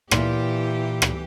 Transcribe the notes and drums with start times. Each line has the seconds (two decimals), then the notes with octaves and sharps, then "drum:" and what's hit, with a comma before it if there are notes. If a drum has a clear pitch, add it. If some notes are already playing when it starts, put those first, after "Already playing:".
0.11 A#2 E3 G4, drum: rim click
1.02 drum: rim click